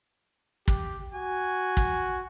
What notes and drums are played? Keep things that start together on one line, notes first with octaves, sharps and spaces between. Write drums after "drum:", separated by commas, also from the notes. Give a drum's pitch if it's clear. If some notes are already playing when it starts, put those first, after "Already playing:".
G4, drum: kick
F#4 G#5
drum: kick